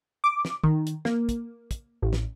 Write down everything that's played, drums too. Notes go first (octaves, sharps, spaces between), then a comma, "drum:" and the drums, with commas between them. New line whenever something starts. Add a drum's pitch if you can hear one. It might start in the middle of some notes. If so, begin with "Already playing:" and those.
D6
drum: snare
D#3, drum: kick
drum: hi-hat
A#3, drum: snare
drum: kick, hi-hat
drum: kick, hi-hat
A1
drum: snare